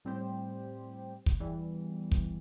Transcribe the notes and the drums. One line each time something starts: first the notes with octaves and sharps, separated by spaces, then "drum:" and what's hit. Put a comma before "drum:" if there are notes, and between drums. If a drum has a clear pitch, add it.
A2 G3 C4 G4 C5
drum: kick
E2 E3 G3
drum: kick